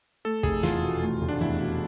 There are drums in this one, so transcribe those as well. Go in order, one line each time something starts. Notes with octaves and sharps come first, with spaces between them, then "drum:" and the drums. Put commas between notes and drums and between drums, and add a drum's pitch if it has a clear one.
A3 A4
F1 G#4, drum: kick
E2 F4, drum: snare
B2
A3
F1
D4
E2 E4
B2